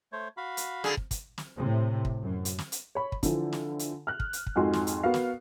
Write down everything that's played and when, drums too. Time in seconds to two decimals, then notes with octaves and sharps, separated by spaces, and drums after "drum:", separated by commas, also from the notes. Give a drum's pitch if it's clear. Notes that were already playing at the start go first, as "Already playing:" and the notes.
0.12 A3 C5 C#5
0.37 F#4 F5 B5
0.57 drum: hi-hat
0.84 D3 G#4, drum: snare
0.97 drum: kick
1.11 drum: kick, hi-hat
1.38 drum: snare
1.57 A2 C3
2.05 drum: kick
2.23 F#2
2.45 drum: hi-hat
2.58 drum: snare
2.72 drum: hi-hat
2.95 C#5 B5
3.12 drum: kick
3.23 D3 E3 F3, drum: kick, hi-hat
3.53 drum: snare
3.79 drum: hi-hat
4.07 F6 F#6
4.20 drum: kick
4.33 drum: hi-hat
4.47 drum: kick
4.56 F2 G#2 D#4 F#4 G#5 C6
4.73 drum: snare
4.87 drum: hi-hat
5.03 B3 F#4 A#4 F5
5.14 drum: snare